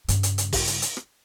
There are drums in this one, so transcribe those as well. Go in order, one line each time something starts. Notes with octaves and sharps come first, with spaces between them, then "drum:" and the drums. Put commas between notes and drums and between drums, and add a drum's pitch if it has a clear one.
G2 C#3, drum: hi-hat
drum: hi-hat
drum: hi-hat
drum: kick, open hi-hat
drum: hi-hat
drum: hi-hat
drum: rim click